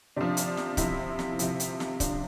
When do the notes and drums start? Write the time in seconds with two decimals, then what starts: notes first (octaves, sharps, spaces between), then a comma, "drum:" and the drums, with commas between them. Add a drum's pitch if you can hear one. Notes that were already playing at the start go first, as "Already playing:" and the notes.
0.16 C3 F3 D4
0.37 drum: hi-hat
0.57 drum: snare
0.77 C3 F3 E4, drum: kick C#1, hi-hat
1.19 drum: snare
1.39 C3 F3, drum: hi-hat
1.60 drum: hi-hat
1.80 drum: snare
2.00 C3 F3 D4, drum: kick C#1, hi-hat